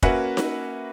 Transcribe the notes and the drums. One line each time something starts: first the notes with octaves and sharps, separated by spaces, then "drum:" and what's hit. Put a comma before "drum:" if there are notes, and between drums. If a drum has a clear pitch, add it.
A#3 C#4 F#4 B4 E5 F#5, drum: kick
drum: snare D#4